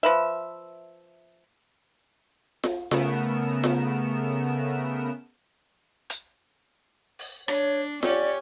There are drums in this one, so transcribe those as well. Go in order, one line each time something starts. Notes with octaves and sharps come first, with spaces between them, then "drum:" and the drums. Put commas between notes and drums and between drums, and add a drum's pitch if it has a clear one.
F3 B4 E5
drum: snare F4
C#3 A3 B3 A#4 E7, drum: snare F4
drum: snare F4
drum: hi-hat
drum: open hi-hat
D4 C#5, drum: rim click
C#4 G4 C#5 D5, drum: snare F4